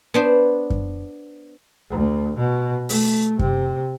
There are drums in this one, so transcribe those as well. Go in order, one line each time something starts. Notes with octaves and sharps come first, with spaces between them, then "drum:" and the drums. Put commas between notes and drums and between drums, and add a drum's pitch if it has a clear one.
B3 D4 C5
drum: kick F#2
D2
B2
A3, drum: open hi-hat
C3, drum: kick F#2